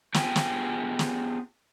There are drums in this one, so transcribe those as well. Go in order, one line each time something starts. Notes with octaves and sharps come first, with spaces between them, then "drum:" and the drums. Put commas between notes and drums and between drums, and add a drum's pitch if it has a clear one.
B3 F4 G4 G#4 G5 G#5, drum: snare
drum: snare
drum: snare